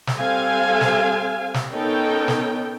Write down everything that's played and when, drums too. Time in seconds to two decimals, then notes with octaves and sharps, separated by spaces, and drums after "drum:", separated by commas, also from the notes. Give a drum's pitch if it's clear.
0.07 drum: snare
0.18 G3 C4 A4 F5 G#5
0.81 drum: snare
1.54 drum: snare
1.73 B3 C#4 D#4 A4 A#4 G5
2.28 drum: snare